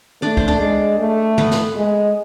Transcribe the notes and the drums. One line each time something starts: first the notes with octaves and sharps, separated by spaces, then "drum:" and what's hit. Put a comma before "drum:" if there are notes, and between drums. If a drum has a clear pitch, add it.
A3 D4 D5
C5, drum: kick
D4 D5
G#3
A3
B3 B4, drum: tom
drum: snare
G#3